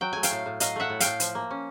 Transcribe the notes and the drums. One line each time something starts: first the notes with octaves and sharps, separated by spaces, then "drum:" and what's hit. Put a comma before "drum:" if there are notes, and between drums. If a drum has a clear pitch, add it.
F#3 G5
A3 G#5
F5 G5, drum: hi-hat
A2
A2
F#3 D#5 F5, drum: hi-hat
A3 E5 F#5
A2
A2 F5 G5, drum: hi-hat
F3, drum: hi-hat
A#3
C#4